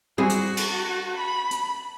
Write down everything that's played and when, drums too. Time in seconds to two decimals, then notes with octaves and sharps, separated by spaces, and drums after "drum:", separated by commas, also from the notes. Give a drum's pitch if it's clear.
0.18 G3 C4 E4 F#4 G#4
0.29 drum: hi-hat
0.57 drum: cymbal
1.17 B5
1.51 drum: hi-hat